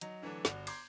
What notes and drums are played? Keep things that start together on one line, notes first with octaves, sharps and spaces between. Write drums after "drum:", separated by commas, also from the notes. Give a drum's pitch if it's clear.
F#3 D#4, drum: hi-hat
D3 E3 F#3 A3 D4
G1 F#4 D5 F7, drum: snare
A#5 C6 D6 G6 G#6 C7, drum: cymbal